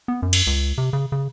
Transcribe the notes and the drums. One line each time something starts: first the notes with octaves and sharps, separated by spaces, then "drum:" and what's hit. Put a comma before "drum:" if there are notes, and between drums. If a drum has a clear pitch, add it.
B3
F#2
drum: cymbal
C#2
C3
C#3
C#3